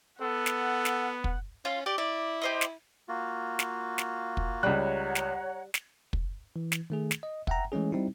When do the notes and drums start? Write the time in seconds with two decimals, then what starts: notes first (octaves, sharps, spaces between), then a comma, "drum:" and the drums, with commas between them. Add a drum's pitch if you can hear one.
0.22 B3 A4 F#5
0.46 drum: snare
0.85 drum: snare
1.24 drum: kick
1.65 C#4 F4
1.86 G4 D5
1.98 E4 D5
2.41 G4 C5 D#5
2.61 drum: snare
3.08 A#3 F4 F#4
3.59 drum: snare
3.98 drum: snare
4.37 drum: kick
4.63 C#2 G3 C#5 F#5 A#5 F#6
5.15 drum: snare
5.74 drum: snare
6.13 drum: kick
6.56 E3
6.72 drum: snare
6.90 D#3 A3 G#4
7.11 drum: snare
7.23 D#5
7.47 E5 F#5 G5 A#5, drum: kick
7.72 E3 G#3 A3 C#4 G#4
7.92 G3 C4 D#4 E4